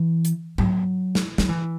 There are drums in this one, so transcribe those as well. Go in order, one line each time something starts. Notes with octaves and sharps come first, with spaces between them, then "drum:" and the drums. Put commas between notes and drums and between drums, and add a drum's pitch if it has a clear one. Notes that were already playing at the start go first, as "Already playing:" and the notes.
Already playing: E3
drum: hi-hat
F#3, drum: tom G#2
drum: snare
F#3, drum: snare
E3